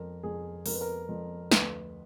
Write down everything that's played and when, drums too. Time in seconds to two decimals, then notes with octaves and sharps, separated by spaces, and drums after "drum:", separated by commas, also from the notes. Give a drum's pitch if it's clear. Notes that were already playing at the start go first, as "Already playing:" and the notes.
Already playing: F2 A#4
0.23 F2 G#4
0.66 F2 A#4, drum: open hi-hat
0.74 B4
0.81 A#4
1.09 F2
1.51 D2 B4, drum: snare